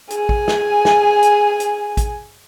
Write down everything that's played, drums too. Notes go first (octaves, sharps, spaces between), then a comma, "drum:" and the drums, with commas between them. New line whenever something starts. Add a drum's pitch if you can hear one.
G#4 G#5, drum: hi-hat
drum: kick A1
drum: snare
drum: snare
drum: hi-hat
drum: hi-hat
drum: kick A1, hi-hat